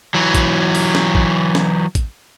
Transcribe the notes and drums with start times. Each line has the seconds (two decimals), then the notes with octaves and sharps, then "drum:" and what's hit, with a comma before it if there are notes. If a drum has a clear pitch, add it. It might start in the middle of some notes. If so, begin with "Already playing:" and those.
0.14 E3 F#3
0.35 drum: kick A1, hi-hat
0.75 drum: open hi-hat
0.95 drum: snare
1.15 drum: kick A1
1.55 drum: snare
1.95 drum: kick A1, hi-hat